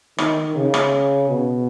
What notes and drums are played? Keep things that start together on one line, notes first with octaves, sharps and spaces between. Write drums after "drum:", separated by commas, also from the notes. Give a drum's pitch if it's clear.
D#3, drum: rim click
C#3
drum: rim click
B2